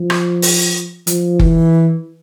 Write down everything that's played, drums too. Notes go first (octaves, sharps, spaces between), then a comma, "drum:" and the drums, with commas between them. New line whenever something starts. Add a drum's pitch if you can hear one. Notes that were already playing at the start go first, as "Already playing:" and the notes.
Already playing: F3
drum: rim click
drum: open hi-hat
F3, drum: hi-hat
E3, drum: kick F#1